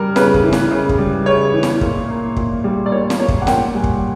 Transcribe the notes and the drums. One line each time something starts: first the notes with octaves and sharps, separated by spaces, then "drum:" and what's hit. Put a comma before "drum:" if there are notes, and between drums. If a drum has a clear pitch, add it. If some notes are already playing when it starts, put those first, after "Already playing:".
Already playing: C#3 G3 A#4
C#3 B4, drum: snare
drum: kick
E3
drum: snare
C#3
drum: kick
G3
C#3 C#5
E3
drum: snare
A#2, drum: kick
A#3
A#2, drum: kick
G3
D5
A#2 C#5
drum: snare
A#3 C#5
drum: kick
F#5
A#2 G5, drum: snare
G3 G#5
drum: kick